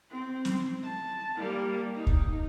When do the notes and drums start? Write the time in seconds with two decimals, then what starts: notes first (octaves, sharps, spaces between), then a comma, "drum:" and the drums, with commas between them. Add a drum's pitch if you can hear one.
0.11 C4
0.45 drum: snare
0.84 A5
1.37 G3 A#3
1.95 D#4
2.07 drum: kick